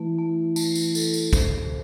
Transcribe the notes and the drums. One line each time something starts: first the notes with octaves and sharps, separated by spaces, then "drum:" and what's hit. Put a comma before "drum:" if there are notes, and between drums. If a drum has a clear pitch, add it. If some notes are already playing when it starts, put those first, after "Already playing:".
Already playing: E3 A3
A3
A3, drum: tambourine
drum: tambourine
A4, drum: tambourine
drum: tambourine
D3 C5, drum: kick, tambourine